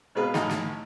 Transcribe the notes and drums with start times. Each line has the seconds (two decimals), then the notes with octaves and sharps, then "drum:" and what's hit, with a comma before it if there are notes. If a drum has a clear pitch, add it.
0.15 B2 G#3 B4 F5
0.34 G#1 A2 D#4, drum: snare
0.50 drum: snare